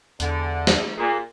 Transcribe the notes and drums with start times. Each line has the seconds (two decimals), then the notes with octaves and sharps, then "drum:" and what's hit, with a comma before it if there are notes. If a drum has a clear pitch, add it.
0.20 E2 D3, drum: hi-hat
0.67 drum: snare
0.98 A#2 G#4